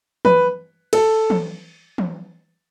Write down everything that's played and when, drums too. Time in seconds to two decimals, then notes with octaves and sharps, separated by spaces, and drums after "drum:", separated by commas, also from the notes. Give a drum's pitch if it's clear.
0.25 B4, drum: tom E3
0.93 A4, drum: cymbal
1.30 drum: tom E3
1.98 drum: tom E3